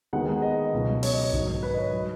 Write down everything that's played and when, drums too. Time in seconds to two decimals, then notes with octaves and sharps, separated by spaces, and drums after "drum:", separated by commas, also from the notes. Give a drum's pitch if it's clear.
0.13 D#2 D#3 G#3 B3 D#4 F#5
0.42 D#5
0.73 C#2 B2 F#3
1.03 C#5, drum: open hi-hat
1.13 D#5
1.24 C#5
1.33 G#2 D#3 F#3, drum: kick
1.63 B4
1.74 D#5
1.78 C#5
1.93 F#3